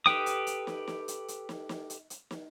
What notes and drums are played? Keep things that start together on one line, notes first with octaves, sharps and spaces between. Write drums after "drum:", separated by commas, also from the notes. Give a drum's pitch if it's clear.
G4 A4 B4 G5 D#6, drum: snare
drum: hi-hat
drum: hi-hat
drum: snare
drum: snare
drum: hi-hat
drum: hi-hat
drum: snare
drum: snare
drum: hi-hat
drum: hi-hat
drum: snare